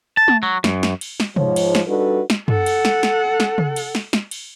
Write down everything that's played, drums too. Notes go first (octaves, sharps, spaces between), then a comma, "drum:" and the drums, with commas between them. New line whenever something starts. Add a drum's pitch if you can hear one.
A5
drum: tom
F#3
F#2, drum: snare
drum: snare
drum: cymbal
drum: snare
G#2 F3 C#5, drum: tom
drum: cymbal
drum: snare
G3 D4 D#4 F#4 A4 B4
drum: snare
A4 F#5, drum: tom
drum: cymbal
drum: snare
drum: snare
drum: snare
drum: tom
drum: cymbal
drum: snare
drum: snare
drum: cymbal